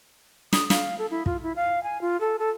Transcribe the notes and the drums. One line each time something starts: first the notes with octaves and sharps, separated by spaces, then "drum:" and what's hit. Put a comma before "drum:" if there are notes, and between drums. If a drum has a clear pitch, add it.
D#6, drum: snare
F5, drum: snare
A4
E4
F4, drum: kick
E4
F5
G#5
F4
A4
A4